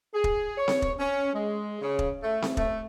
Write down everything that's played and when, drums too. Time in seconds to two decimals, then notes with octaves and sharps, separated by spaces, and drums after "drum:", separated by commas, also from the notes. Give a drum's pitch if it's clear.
0.14 G#4
0.24 drum: kick
0.57 C#5
0.68 drum: snare C4
0.82 drum: kick
0.99 C#4
1.33 G#3
1.81 C#3
1.99 drum: kick
2.22 A3
2.42 drum: snare C4
2.57 A3, drum: kick